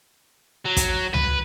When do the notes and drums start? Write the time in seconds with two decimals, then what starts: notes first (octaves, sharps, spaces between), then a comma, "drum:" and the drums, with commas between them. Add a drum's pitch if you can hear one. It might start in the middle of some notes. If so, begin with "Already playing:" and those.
0.66 F#3
0.77 drum: kick, hi-hat
1.14 B4, drum: tom C#2